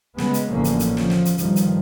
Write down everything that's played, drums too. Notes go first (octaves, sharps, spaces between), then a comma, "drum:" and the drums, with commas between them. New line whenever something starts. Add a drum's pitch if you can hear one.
C#3 G#3 B3, drum: snare
drum: hi-hat
A1 A2 D3 F3 A#3 C#4
drum: hi-hat
drum: hi-hat
F3, drum: snare
drum: snare
drum: hi-hat
G1 G2 D#3 F3, drum: hi-hat
drum: hi-hat